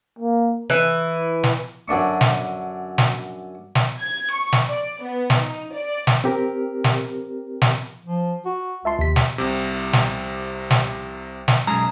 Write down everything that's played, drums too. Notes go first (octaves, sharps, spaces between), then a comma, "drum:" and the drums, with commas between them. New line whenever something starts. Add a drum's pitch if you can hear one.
A#3
E3
drum: snare
F#2 D3 D4 C#6
drum: snare
drum: snare
drum: snare
G#6
C#6
drum: snare
D5
B3
drum: snare
D#4
D5
drum: snare
C4 G4 A#4
drum: snare
drum: snare
F3
F#4
C#2 E5 A5 C6
D#2 C3 B6
drum: snare
C2 C3
drum: snare
drum: snare
drum: snare
B1 F#2 G#3 A#5